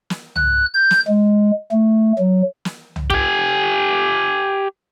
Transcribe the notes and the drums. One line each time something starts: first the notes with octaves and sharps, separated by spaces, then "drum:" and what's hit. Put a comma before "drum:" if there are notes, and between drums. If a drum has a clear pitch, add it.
drum: snare
F#6, drum: tom
G6
drum: snare
G#3
A3
F#3
drum: snare
drum: tom
G4 G#5, drum: kick